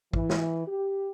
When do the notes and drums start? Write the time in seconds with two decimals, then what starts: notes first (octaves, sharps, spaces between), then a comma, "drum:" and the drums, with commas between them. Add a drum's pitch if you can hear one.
0.13 E3, drum: kick
0.29 drum: snare
0.67 G4